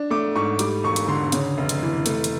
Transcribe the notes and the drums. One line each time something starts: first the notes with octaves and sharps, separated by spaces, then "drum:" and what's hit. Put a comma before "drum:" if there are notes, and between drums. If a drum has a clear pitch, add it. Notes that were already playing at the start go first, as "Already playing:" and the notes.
Already playing: D4
A3 D6
G#2 C#6
G3 D6, drum: hi-hat
E1 C#6
drum: hi-hat
D3 C6
C#3, drum: hi-hat
F1
drum: hi-hat
E3
A3, drum: hi-hat
drum: hi-hat